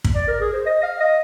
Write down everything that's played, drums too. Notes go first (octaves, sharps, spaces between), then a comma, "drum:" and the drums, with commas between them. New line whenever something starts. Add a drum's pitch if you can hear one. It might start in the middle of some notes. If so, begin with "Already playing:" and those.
drum: kick
D5
A#4
G#4
C5
D#5
F5
D#5